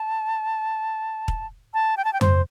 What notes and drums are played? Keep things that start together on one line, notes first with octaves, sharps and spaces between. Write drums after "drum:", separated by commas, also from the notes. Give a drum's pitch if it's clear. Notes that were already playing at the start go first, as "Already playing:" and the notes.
Already playing: A5
drum: kick
A5
G5
A5
G5
C5, drum: tom F2